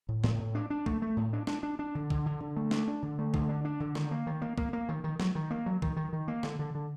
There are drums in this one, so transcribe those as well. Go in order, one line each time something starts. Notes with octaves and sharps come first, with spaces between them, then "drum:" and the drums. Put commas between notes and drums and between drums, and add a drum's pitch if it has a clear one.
A2
A2, drum: snare
A2
D4
D4
A3, drum: kick B1
A3
A2
D4
D4, drum: snare
D4
D4
D3
D3, drum: kick B1
D3
D3
A3
D4, drum: snare
D4
D3
A3
D3, drum: kick B1
D4
D4
D3
D#3, drum: snare
A#3
D#3
A#3
A#3, drum: kick B1
A#3
D#3
D#3
F#3, drum: snare
D#3
A#3
F#3
D#3, drum: kick B1
D#3
D#3
A#3
D3, drum: snare
D3
D3